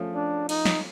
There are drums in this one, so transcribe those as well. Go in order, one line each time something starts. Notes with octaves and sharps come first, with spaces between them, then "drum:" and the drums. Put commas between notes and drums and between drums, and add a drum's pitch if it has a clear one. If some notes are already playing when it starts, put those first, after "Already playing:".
Already playing: F3 A3 C#4
D4
D#4, drum: cymbal
drum: snare